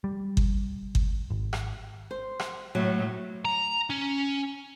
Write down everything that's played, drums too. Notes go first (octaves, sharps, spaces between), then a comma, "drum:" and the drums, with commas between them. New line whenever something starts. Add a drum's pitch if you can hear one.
G3
drum: kick G1
drum: kick G1
G#1
drum: rim click
C5
drum: rim click
A2 F#3
A#5
C#4